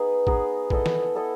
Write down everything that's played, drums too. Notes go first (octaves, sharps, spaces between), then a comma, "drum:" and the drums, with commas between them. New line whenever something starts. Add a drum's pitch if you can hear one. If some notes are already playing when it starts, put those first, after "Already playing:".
Already playing: B3 D#4 G#4 B4
B3 D#4 G#4 B4, drum: kick
B3 E4 A4 D#5, drum: kick
drum: snare
B3 E4 A4 D#5